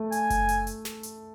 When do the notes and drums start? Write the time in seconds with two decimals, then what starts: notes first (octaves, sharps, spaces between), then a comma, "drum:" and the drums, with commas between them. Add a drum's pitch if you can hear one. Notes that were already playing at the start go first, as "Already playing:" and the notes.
Already playing: A3
0.12 G#5, drum: hi-hat
0.30 drum: kick F#1, hi-hat
0.49 drum: hi-hat
0.67 drum: hi-hat
0.85 drum: snare
1.03 drum: hi-hat